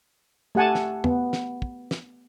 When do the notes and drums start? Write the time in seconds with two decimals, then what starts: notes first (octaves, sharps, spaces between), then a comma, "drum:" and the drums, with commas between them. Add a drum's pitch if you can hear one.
0.55 A3 G4 F#5 G#5 A5
0.75 drum: snare
1.04 B3, drum: tom
1.33 drum: snare
1.62 drum: kick
1.91 drum: snare